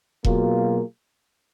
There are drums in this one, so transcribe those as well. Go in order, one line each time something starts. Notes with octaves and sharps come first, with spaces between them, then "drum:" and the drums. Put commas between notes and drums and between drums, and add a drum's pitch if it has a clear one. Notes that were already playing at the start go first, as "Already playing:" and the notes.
B2 F#3 A#3 F4 G#4, drum: kick E1